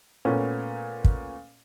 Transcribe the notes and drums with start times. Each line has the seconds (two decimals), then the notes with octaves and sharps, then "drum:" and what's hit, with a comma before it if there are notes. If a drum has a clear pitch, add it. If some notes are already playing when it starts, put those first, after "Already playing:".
0.25 A#2 A3 B3 C#4
1.04 drum: kick